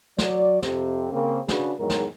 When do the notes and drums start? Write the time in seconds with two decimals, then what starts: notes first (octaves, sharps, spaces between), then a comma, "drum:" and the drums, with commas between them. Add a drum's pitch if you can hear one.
0.18 F#3 D5, drum: snare
0.62 F2 C3, drum: snare
1.12 C#3 A#3 C4
1.48 C#3 D4 F#4 G#4 B4, drum: snare
1.80 E2 G#2 D#3 F#3 G#3 A#4
1.90 drum: snare